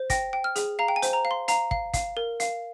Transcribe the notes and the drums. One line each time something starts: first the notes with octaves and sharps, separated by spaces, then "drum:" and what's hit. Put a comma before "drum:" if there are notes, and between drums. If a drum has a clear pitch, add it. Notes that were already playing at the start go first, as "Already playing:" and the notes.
Already playing: C5
G5 A#6, drum: kick, hi-hat
G5
F6
G#4, drum: hi-hat
F5 A#5
G5
G#5
C5, drum: hi-hat
A#5
F5
C6
F5 A#5, drum: hi-hat
F5, drum: kick
F5, drum: kick, hi-hat
A#4
F5, drum: hi-hat